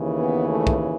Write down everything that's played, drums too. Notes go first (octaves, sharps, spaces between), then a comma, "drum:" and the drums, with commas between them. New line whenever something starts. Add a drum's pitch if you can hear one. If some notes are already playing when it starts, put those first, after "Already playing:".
Already playing: D#2 C#3 E3
B3
A3
drum: kick